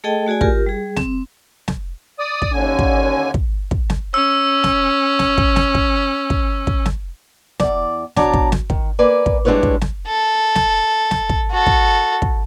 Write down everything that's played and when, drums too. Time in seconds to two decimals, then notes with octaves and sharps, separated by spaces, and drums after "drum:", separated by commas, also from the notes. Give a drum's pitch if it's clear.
0.04 A3 G#4 A4 D#5 G5 A5
0.27 A3 F#4 G#4 D5 G#5
0.41 F4 G4 A#4, drum: kick
0.66 G3 G#4
0.96 C4, drum: snare
1.68 drum: snare
2.19 D5 D#6
2.42 drum: kick
2.53 D#2 D3 C#4 G#5
2.79 drum: kick
3.34 drum: kick
3.71 drum: kick
3.90 drum: snare
4.14 C#4 E6
4.64 drum: snare
5.19 drum: snare
5.38 drum: kick
5.56 drum: snare
5.75 drum: kick
6.30 drum: kick
6.67 drum: kick
6.86 drum: snare
7.60 E2 D5, drum: snare
8.16 B2 D4 C#5 D5 A5 A#5, drum: snare
8.34 drum: kick
8.52 drum: snare
8.70 D#3, drum: kick
8.99 A#3 B4 D5 G#5
9.26 drum: kick
9.45 G3 G#3 D4 E4 B4 C#5
9.63 drum: kick
9.81 drum: snare
10.07 A4
10.55 drum: snare
11.11 drum: snare
11.29 drum: kick
11.51 F#4 A4
11.66 drum: kick
12.22 drum: kick